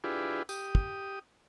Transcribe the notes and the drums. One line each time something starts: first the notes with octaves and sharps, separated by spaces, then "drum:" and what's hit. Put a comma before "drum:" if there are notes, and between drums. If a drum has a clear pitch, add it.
D4 E4 F4 G4 G#4 B4
G4 D#6, drum: tambourine
drum: kick